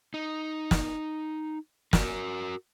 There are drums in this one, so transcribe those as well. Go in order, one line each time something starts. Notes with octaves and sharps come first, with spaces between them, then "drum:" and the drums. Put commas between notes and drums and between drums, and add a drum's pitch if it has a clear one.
D#4
drum: snare
F#4 A#4, drum: snare